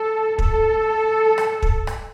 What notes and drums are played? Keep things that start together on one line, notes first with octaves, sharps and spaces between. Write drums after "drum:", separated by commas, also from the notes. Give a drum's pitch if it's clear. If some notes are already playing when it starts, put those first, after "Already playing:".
Already playing: A4
A4, drum: kick
drum: rim click
drum: kick
drum: rim click